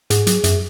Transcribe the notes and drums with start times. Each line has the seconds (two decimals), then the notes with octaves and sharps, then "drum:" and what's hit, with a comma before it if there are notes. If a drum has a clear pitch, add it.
0.10 G#2 G#4, drum: hi-hat
0.27 F#3, drum: hi-hat
0.44 F#2, drum: hi-hat